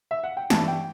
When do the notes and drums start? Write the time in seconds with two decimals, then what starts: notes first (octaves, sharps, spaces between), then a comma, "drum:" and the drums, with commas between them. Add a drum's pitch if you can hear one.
0.11 E5
0.23 F#5
0.37 G5
0.50 G2 E3 B3 A5, drum: snare
0.68 G5